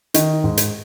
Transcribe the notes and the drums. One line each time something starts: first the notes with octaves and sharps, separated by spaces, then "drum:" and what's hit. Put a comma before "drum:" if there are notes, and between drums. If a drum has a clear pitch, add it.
D#3 D#5, drum: hi-hat
G#2
drum: hi-hat